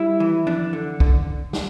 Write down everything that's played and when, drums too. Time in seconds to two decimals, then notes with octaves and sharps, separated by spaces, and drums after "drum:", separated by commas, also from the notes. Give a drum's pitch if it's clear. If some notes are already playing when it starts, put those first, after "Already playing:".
Already playing: G3 E4
0.20 E3
0.47 D4, drum: tom F3
0.73 D3
1.00 D3, drum: kick
1.53 drum: snare